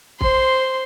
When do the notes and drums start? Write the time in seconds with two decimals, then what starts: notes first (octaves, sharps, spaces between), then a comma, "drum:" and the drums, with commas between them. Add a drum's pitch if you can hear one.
0.21 C5 C6, drum: kick